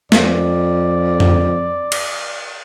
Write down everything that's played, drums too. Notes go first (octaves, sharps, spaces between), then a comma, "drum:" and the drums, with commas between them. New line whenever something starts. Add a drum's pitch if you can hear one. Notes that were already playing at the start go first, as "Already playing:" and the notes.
F2 D5, drum: snare
drum: tom F2
drum: cymbal